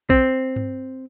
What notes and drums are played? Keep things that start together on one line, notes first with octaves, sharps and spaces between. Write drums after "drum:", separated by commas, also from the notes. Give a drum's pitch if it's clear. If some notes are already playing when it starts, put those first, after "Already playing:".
C4, drum: kick
drum: tom G2